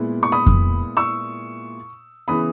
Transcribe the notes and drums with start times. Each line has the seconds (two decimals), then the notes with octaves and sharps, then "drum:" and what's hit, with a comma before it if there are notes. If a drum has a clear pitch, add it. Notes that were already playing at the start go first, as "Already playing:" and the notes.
Already playing: A#2 G#3 B3 E4
0.23 C#6
0.32 B5 D#6
0.47 drum: kick F2
0.97 C#6 E6
2.28 C#3 E3 B3 B5 D#6